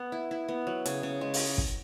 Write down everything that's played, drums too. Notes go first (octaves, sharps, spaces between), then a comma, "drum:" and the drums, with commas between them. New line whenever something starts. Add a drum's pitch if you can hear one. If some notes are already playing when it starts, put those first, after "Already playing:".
Already playing: B3
E4
E4
B3
F#3
C#3, drum: hi-hat
C#3
G#3
drum: open hi-hat
drum: kick